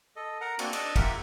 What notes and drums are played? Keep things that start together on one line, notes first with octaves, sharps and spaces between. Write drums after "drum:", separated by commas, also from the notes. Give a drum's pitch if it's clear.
A4 D#5
A#4 F#5 A#5
A#3 C4 D4 F#4, drum: cymbal
D4 D#5 D6 E6, drum: cymbal
F4 G4 A#4 E5 F#5, drum: kick, cymbal